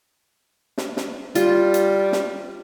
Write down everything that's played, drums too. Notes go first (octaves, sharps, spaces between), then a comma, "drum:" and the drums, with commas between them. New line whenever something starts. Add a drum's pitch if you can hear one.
drum: snare
drum: snare
G3 F4, drum: hi-hat
drum: hi-hat
drum: snare